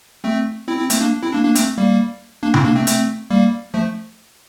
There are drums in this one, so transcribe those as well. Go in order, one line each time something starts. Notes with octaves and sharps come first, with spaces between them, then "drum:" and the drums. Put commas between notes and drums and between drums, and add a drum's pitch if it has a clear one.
A3 C4
C4 E4
C4 E4
A3 C4, drum: hi-hat
A#3 D4
C4 E4
A#3 D4
A#3 D4
A3 C4, drum: hi-hat
G3 A#3
A#3 D4
C4 E4, drum: tom C3
A#3 D4
A3 C4
A3 C4, drum: hi-hat
G3 A#3
F3 A3